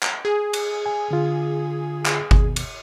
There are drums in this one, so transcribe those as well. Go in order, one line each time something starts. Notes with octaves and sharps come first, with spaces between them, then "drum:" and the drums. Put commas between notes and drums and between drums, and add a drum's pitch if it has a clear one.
drum: clap
G#4
drum: cymbal
G#5
D3 F4
drum: clap
D#2 B2, drum: kick G1
drum: cymbal